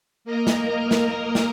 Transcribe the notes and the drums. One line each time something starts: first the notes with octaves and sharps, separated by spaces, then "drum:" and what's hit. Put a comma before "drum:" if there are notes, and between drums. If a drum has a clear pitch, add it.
A#3 A#4 D#5 A#5
drum: snare
drum: snare
drum: snare